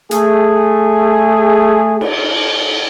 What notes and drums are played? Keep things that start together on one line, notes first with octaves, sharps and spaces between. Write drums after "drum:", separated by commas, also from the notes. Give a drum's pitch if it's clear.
A3 G#4, drum: hi-hat
drum: cymbal